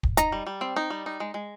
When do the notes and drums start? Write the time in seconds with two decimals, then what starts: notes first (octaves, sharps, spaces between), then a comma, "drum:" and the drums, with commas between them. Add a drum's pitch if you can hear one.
0.03 drum: kick
0.17 D#4 A#5, drum: hi-hat
0.32 G3
0.47 G3
0.61 C4
0.76 D#4
0.90 G3
1.06 D#4
1.20 G#3
1.34 G#3